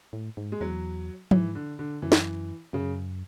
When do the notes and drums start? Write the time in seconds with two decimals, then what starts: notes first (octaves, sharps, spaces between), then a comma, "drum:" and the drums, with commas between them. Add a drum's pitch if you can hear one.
0.13 A2
0.37 G#2
0.52 G#3
0.61 E2 F#3
1.31 G#2 E3, drum: tom F3
1.55 D3
1.79 D3
2.02 F#2 E3
2.12 drum: snare
2.73 F#2 C#3